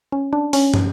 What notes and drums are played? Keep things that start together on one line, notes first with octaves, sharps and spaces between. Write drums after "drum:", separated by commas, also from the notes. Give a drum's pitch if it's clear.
C#4
D4
C#4, drum: open hi-hat
drum: tom